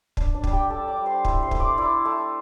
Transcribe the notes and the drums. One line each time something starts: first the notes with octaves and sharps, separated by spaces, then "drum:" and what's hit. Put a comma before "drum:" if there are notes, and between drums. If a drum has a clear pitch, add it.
D4, drum: kick
D4 D5
G3, drum: kick
G4 G5
G3 A4 A5
D5 D6
G3
C5 C6
E4, drum: kick
C5 C6
A3, drum: kick
D5 D6
E4 D5 D6
A3